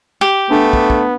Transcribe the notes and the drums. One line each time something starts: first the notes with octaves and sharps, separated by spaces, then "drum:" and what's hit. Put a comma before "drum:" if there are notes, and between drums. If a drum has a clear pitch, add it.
G4
A3 B3 D4
drum: kick
drum: kick